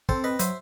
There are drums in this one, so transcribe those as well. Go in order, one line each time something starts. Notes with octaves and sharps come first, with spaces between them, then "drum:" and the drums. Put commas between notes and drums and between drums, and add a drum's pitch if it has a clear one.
C4 A4 C5, drum: kick
B4 D#5
F#3 C5 E5, drum: hi-hat